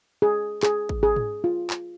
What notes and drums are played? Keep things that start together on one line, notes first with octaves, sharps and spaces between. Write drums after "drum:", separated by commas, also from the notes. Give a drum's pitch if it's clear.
G#4
G#4, drum: clap
drum: kick G#1
G#4
drum: tom G#2
F4
drum: clap